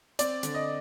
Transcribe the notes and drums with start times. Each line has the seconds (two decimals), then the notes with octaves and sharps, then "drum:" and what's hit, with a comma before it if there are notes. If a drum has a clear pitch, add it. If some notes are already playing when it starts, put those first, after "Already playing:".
0.19 C4 D5, drum: hi-hat
0.43 D3, drum: hi-hat
0.54 D#5